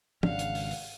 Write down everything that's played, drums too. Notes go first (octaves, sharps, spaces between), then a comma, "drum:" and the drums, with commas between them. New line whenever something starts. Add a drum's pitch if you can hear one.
G#1 C#3 D4 F5 F#5, drum: tom
drum: hi-hat
drum: open hi-hat
drum: open hi-hat